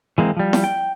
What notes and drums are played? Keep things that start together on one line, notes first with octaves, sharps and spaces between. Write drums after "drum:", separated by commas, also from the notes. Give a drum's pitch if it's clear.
E3 G#3 A#3 C4
F3 G3
drum: snare E4
G5